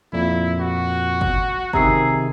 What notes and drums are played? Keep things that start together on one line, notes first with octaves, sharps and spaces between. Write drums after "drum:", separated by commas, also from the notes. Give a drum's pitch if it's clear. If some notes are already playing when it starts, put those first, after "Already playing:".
F2 A#2 E4
F#4
drum: kick
C3 D#3 G#4 A#5 E6 C7, drum: kick